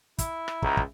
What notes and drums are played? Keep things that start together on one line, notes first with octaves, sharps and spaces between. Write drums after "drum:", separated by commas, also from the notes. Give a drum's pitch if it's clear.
E4, drum: kick, hi-hat
drum: rim click
C#2 A#5, drum: kick
drum: kick